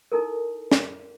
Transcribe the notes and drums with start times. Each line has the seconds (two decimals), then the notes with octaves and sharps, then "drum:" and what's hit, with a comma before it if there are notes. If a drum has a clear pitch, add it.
0.12 D#4 E4 A4 A#4
0.72 drum: snare